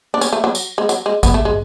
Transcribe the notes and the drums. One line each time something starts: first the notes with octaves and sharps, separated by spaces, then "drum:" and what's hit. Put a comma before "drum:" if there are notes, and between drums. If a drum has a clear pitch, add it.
D4
C#4, drum: tambourine
A3
F#3
drum: tambourine
G#3
F#3, drum: tambourine
G#3
B3, drum: kick G#1, tambourine
A3
G#3